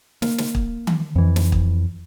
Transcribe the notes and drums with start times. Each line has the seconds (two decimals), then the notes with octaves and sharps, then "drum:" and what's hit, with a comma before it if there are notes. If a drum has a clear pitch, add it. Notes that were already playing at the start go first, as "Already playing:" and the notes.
0.22 A#3, drum: snare
0.38 drum: snare
0.55 drum: kick
0.87 drum: tom D#3
1.16 F2 E3
1.36 drum: snare
1.52 drum: kick